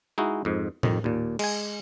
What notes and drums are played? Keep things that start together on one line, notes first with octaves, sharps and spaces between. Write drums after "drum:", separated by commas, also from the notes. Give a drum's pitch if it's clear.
G#3 D#4 E4 F#4
F2 G#2
F2 D#3, drum: tom A2
D#2 A#2
G#3 G#5, drum: cymbal